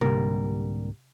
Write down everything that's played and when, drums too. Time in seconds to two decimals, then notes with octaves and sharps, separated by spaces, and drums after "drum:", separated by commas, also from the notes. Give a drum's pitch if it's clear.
0.01 C2 G#2 D3 G3 A#3 A#4, drum: tom C3